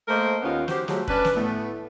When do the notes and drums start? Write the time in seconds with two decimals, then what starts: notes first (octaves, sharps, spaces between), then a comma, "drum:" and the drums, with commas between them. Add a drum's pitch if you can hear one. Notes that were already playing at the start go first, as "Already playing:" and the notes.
0.08 A3 A#3 A#4 C5 D#5
0.42 D#2 D#3 B3 C#4 F4
0.68 F#4 G4 C5, drum: snare
0.88 F3 F#3 G#3 A3 G4, drum: snare
1.08 C#4 D4 B4, drum: kick F1
1.25 drum: snare
1.35 A2 A3 B3